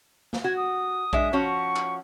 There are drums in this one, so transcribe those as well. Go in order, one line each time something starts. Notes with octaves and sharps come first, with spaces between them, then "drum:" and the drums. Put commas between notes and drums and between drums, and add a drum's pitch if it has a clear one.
drum: snare
F#4 G#6
D#6
G#3 D4 E5, drum: kick A#1
F3 C#4 F#4 C#6
drum: clap